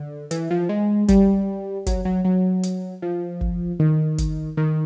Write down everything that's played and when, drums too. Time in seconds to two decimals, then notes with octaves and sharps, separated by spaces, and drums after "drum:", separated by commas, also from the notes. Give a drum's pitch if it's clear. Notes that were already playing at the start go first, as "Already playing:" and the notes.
Already playing: D3
0.31 E3, drum: hi-hat
0.51 F3
0.69 G#3
1.08 G3, drum: kick G1, hi-hat
1.86 F#3, drum: kick G1, hi-hat
2.05 F#3
2.25 F#3
2.63 drum: hi-hat
3.02 F3
3.41 drum: kick G1
3.80 D#3
4.18 drum: kick G1, hi-hat
4.57 D#3